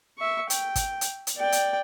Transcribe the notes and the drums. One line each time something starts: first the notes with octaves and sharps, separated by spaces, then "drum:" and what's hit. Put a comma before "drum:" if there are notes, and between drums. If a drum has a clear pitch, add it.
E5 C#6
G5, drum: hi-hat
drum: kick, hi-hat
drum: hi-hat
drum: hi-hat
D5 G5
drum: hi-hat